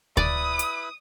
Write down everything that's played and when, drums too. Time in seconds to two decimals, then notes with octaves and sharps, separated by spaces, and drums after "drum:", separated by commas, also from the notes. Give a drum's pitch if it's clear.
0.17 E4 B4 D5 B5 D#6, drum: kick D2
0.59 drum: hi-hat